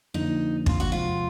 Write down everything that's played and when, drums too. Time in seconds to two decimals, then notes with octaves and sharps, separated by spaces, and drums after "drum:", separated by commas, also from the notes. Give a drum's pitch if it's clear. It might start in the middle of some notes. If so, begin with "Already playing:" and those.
0.14 F2 D3 F3 A#3 D4 D#4
0.66 F4, drum: kick
0.80 F#4
0.92 E2 C3 F3 G#3 F4